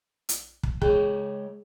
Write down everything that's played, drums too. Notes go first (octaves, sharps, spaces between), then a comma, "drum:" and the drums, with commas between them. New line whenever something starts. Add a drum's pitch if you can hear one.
drum: hi-hat
drum: kick
G#3 G#4 C#5 G5, drum: kick